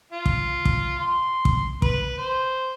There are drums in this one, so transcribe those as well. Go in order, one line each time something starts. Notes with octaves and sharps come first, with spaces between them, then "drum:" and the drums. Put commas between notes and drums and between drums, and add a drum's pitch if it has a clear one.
F4
drum: kick
drum: kick
C6
drum: kick
B4, drum: kick
C5